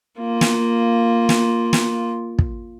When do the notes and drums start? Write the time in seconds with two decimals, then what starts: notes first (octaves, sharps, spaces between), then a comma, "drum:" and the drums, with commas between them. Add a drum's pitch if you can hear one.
0.19 A#3 F4
0.41 drum: snare
1.29 drum: snare
1.73 drum: snare
2.39 drum: kick